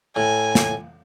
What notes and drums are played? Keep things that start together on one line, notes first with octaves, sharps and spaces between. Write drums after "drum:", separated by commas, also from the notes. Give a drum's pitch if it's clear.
A2 G#5
drum: snare